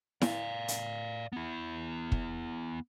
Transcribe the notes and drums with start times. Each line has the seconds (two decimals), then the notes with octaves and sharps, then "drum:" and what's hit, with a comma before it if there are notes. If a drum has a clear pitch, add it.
0.21 D5 F5, drum: snare E4
0.68 drum: hi-hat
1.33 B3 E4
2.12 drum: kick